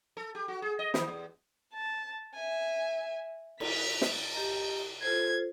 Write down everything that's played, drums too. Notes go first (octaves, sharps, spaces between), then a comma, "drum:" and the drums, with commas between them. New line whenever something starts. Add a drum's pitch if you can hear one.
A4
G4
F#4
G#4
D#5
D#3, drum: snare
E2
A5
E5 G#5
B6 F7, drum: cymbal
drum: snare
G4 D#5 A#5
F4 A4 C5 G#6